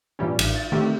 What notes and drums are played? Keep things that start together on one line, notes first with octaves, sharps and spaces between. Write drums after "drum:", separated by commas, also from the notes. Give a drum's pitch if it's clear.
G2 A#2 E3 G3 C#4
A1, drum: cymbal
A6
D3 D#3 A3 C4 G4